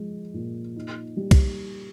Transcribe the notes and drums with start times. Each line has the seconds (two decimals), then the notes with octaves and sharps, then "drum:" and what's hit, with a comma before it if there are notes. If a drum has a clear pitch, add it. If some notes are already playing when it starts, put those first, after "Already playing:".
Already playing: F3 G#3
0.34 A#2
0.76 D#4
1.17 G3
1.31 drum: kick, cymbal